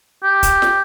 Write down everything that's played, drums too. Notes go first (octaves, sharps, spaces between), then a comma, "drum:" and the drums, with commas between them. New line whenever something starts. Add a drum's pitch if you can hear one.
G4
drum: kick, hi-hat
drum: snare